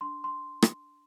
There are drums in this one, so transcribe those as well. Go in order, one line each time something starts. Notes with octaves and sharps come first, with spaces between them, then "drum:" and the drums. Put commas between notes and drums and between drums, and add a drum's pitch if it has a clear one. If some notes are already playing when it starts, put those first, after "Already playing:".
D4 C6
C6
drum: rim click